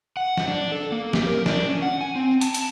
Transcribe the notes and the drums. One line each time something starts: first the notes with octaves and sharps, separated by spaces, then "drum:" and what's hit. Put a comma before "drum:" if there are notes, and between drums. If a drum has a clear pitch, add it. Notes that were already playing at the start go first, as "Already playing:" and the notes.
F#5
drum: snare F3
D4
A4
A#3
G4, drum: snare F3
A#4
D4, drum: snare F3
C#4
F#5
G#5
C4
A5, drum: hi-hat
drum: hi-hat